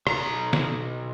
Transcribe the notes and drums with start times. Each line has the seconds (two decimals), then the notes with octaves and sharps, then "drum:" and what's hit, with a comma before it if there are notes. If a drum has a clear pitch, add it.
0.07 B1 A#5, drum: rim click
0.53 drum: snare